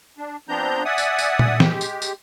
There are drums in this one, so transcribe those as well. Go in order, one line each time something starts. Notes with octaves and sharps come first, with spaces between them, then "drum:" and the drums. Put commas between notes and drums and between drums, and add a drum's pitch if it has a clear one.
D4
F3 B3 C4 D4 A#5 G6
D5 E5 F#5 G#5 D#6
drum: tambourine
drum: tambourine
drum: tom A#2
G#3 G4, drum: snare
drum: tambourine
drum: tambourine